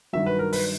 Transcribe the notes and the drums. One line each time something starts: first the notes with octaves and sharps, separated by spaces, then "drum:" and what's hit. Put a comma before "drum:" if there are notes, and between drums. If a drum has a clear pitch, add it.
G2 D#3 F#3 E5
B4
A#4
B4, drum: open hi-hat